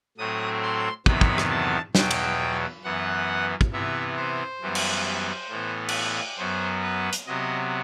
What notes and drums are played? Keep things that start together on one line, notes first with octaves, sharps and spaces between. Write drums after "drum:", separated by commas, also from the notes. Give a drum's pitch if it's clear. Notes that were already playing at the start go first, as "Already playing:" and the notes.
A2 F#3 A3 C4 D#6
C6
E2 C3 D#3 F#3 B3 B5, drum: kick
drum: kick
drum: rim click
A5
E2 B2 F#3 G5, drum: snare
drum: cymbal
F#2 E3 B3 F#5
drum: kick
C3 E3 B3 E5
C5
F#2 E3 G3 B3
drum: cymbal
A2 E3 B3
drum: cymbal
F#2 F#3 B3 C5
B4
drum: hi-hat
C3 F#3 B3 D#5